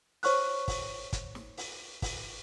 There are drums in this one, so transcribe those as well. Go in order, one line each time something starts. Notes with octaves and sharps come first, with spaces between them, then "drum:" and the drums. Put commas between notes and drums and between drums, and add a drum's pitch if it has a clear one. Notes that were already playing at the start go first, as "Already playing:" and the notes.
C5 C#5 C#6 F6 F#6, drum: open hi-hat
drum: kick, open hi-hat
drum: kick, hi-hat
drum: snare
drum: open hi-hat
drum: kick, open hi-hat